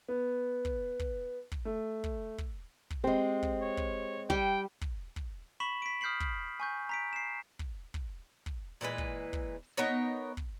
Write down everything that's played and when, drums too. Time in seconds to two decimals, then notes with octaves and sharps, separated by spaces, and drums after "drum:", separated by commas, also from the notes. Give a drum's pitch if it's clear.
0.08 B3
0.65 drum: kick
1.00 drum: kick
1.52 drum: kick
1.65 A3
2.04 drum: kick
2.39 drum: kick
2.91 drum: kick
3.04 G#3 C4 G4 C5 G5
3.43 drum: kick
3.62 C#5
3.77 drum: kick
4.30 G3 G5, drum: kick
4.82 drum: kick
5.16 drum: kick
5.60 B5 C#6 B6 E7 F#7
5.82 B6 D7
6.01 D#6 F6 G6 B6 C7 F#7
6.20 drum: kick
6.60 G#5 C#6 G6
6.89 A#5 B6 D7
7.13 C7 E7
7.59 drum: kick
7.94 drum: kick
8.46 drum: kick
8.81 A#2 E3 G#3 B4
8.98 drum: kick
9.33 drum: kick
9.77 B3 D#4 A#4 C#5
10.37 drum: kick